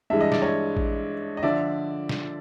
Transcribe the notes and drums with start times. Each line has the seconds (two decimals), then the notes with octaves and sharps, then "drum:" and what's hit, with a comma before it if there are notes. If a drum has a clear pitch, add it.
0.10 G2 E3 G#3 E5
0.21 D#5
0.32 D5, drum: snare
0.41 C#5 D#5
0.77 drum: kick A1
1.37 D#5
1.43 D3 F3 D5 E5
2.09 drum: snare